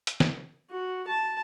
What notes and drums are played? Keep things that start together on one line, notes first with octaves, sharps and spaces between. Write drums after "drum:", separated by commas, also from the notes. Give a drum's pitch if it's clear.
drum: hi-hat
drum: snare
F#4
A5